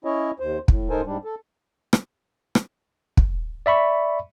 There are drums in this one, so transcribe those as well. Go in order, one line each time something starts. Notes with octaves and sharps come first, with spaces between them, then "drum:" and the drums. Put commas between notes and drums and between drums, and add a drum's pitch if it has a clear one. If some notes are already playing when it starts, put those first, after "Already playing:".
C#4 E4 C#5 D#5
D#2 C5
A2, drum: kick
G#2 D#4 A4 A#4 C5 G#5
G#2 G3 D4
A4
drum: rim click
drum: rim click
drum: kick
D5 E5 B5 C#6